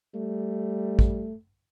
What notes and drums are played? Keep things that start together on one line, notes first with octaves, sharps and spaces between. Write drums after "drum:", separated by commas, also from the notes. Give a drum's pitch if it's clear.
G3 A3
drum: kick A1